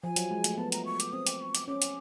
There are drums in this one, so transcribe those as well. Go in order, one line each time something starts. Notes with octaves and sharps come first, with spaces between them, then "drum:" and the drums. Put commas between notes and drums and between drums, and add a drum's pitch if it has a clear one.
F3 G#5
F#3, drum: hi-hat
G#3
A3, drum: hi-hat
B3 A5
A#5, drum: hi-hat
C#6
D6, drum: hi-hat
C4 D#6
D6, drum: hi-hat
C#6
D6, drum: hi-hat
C#4 D6
drum: hi-hat